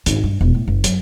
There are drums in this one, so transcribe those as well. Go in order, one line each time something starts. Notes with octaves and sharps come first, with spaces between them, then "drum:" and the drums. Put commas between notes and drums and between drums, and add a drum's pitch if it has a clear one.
G#1 C#3, drum: hi-hat
G2
E1 B2
A2
F#1
F#2, drum: hi-hat